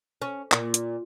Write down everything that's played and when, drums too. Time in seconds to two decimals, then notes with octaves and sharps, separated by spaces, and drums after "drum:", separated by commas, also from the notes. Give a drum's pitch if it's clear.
0.22 C#4
0.52 A#2, drum: clap
0.74 drum: hi-hat